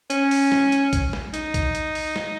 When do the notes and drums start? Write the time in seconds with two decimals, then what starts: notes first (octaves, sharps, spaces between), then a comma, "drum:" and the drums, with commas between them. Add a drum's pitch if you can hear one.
0.10 C#4, drum: hi-hat
0.31 drum: open hi-hat
0.52 drum: snare
0.72 drum: hi-hat
0.93 drum: kick A#1, hi-hat
1.13 drum: snare
1.34 D#4, drum: hi-hat
1.54 drum: kick A#1, hi-hat
1.75 drum: hi-hat
1.95 drum: open hi-hat
2.16 drum: snare